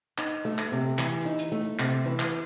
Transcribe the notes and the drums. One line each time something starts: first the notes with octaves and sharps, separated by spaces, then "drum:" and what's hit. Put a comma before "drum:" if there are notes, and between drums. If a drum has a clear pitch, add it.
D#4, drum: clap
A3
drum: clap
C3
E3, drum: clap
D#4
drum: hi-hat
A3
C3, drum: clap
E3
drum: clap